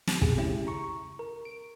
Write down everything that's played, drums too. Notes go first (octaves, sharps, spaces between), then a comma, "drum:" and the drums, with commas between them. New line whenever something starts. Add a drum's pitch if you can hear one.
drum: snare
B2 G4 G#4, drum: kick
C#3 G#3 C#4 E4 G4
A#5 C#6
A#4
D7